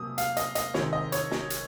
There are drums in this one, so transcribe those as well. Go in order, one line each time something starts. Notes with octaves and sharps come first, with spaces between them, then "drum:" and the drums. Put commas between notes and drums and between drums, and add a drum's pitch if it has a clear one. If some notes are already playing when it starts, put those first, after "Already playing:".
Already playing: C3 F#3 A#3 D#6
F5, drum: hi-hat
D#5, drum: hi-hat
D#5, drum: hi-hat
C3 D#3 G#3 C4 C#5, drum: snare
D#5
C#5, drum: hi-hat
drum: snare
drum: hi-hat